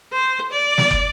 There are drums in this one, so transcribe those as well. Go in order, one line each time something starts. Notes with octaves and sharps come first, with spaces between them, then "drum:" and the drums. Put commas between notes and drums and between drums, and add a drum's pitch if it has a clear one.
C5
D5
drum: snare
drum: kick